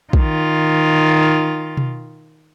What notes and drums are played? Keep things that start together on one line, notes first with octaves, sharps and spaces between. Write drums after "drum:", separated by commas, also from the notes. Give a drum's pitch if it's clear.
D#3 F4, drum: kick
drum: tom B2